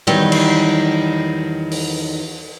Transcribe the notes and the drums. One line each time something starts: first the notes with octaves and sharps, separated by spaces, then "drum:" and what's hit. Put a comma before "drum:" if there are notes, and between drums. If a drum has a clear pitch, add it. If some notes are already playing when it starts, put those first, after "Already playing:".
E2 D#3 F#3 G3 D#4
drum: cymbal
drum: open hi-hat